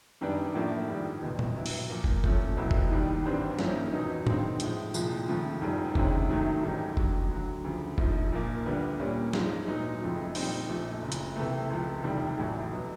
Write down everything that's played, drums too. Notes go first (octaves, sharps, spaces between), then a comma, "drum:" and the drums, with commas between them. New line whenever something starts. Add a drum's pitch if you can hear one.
F#2 D#3 G3 B3 D4
A2 F3 A#3 D4
G#2 D#3 G3
F#1 E2 B2
drum: tom A#2
G2 D3 F#3 B3 E4
drum: open hi-hat
A#2 F3 A#3
drum: kick
A#2 F3 A3 C#4, drum: kick
C2 B2 F#3 B3 E4
drum: kick
D#2 D#3 G3
G#1 G2 E3 G3 C4
G#2 F3 A#3 C#4 E4, drum: snare
E2 B2 F#3 B3 D#4
G2 D#3 G#3 C4 F4, drum: tom A2
A2 F3 G#3, drum: hi-hat
C2 A#2 F3 G#3, drum: tambourine
D#2 C#3 F3 A3
G#1 F#2 D#3 G3
D2 C3 D#3 G#3 C#4, drum: kick
F#2 D#3 F#3 A3
A1 G#2 D#3 G3
D#2 D3 F#3, drum: kick
D2 D3 F#3
D2 C#3 F3
A#1 G#2 F3, drum: kick
A#2 F3 A#3
D2 D3 G3 B3
A#2 G3 A#3 C#4
G#2 F3 G#3, drum: snare
A#2 F#3 B3 D#4
F#1 F2 C#3 F3 A3
A#2 G3 C4 D#4, drum: open hi-hat
A#1 A#2 F3 A3
F#1 F#2 C#3
drum: hi-hat
C2 C3 E3 A3
C#2 C3 F3
F1 E2 C3 D#3 G3
A1 A2 F#3
B2 F#3